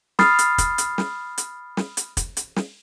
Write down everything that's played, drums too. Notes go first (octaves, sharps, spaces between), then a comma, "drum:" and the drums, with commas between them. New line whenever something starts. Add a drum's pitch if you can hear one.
B5 D#6 F6 A6 C7, drum: snare
drum: hi-hat
drum: kick, hi-hat
drum: hi-hat
drum: snare
drum: hi-hat
drum: snare
drum: hi-hat
drum: kick, hi-hat
drum: hi-hat
drum: snare